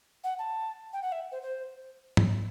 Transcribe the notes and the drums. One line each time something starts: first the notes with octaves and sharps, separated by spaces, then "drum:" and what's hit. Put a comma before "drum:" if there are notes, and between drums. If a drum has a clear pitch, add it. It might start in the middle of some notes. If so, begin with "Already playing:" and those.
F#5
A5
G5
F#5
E5
C5
C5
drum: tom